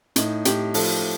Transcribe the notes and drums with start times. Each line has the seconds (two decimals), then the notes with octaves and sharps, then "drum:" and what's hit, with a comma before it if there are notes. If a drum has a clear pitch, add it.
0.16 A2 D#4, drum: hi-hat
0.45 A2 G4, drum: hi-hat
0.74 F3 A4, drum: open hi-hat